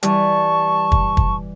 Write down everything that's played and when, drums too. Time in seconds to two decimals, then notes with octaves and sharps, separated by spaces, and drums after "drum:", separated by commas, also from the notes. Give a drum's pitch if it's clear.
0.03 E3 G3 A5 C#6, drum: hi-hat
0.92 drum: kick
1.17 drum: kick